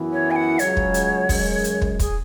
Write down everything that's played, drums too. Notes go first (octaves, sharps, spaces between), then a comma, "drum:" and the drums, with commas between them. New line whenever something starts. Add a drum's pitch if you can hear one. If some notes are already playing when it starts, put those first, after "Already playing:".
Already playing: F#2 E3 B3 E4
C#5
G#5
F#5
C#2 C#3 F#3 C#5, drum: hi-hat
drum: kick
drum: hi-hat
F#2 C#3 G#3, drum: kick, open hi-hat
drum: hi-hat
drum: kick
G#4, drum: kick, hi-hat